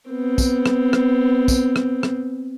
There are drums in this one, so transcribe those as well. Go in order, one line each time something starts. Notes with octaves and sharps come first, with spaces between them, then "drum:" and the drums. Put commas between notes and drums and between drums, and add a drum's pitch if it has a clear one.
B3 C4
drum: kick, tambourine
drum: rim click
drum: rim click
drum: kick, tambourine
drum: rim click
drum: rim click